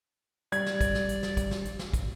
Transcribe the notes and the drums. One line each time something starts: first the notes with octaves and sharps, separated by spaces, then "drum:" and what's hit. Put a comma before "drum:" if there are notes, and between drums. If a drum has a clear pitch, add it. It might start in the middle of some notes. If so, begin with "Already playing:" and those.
G3 D5 G#6, drum: hi-hat
drum: snare
drum: kick, hi-hat
drum: snare
drum: hi-hat
drum: snare
drum: kick, hi-hat
drum: snare
drum: hi-hat
drum: snare
drum: kick, hi-hat